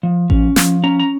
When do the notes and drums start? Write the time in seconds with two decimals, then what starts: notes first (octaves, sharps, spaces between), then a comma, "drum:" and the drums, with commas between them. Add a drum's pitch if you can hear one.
0.03 F3
0.30 C#4, drum: kick A1
0.56 F3, drum: snare
0.84 C#4 A#5
1.00 A#5